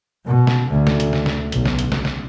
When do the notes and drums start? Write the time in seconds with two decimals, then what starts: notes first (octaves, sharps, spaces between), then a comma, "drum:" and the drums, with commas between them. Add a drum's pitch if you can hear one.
0.24 B2
0.47 drum: snare
0.68 D2
0.87 drum: snare
1.00 drum: hi-hat
1.13 drum: snare
1.26 drum: snare
1.52 B1, drum: hi-hat
1.65 drum: snare
1.79 drum: hi-hat
1.92 drum: snare
2.05 drum: snare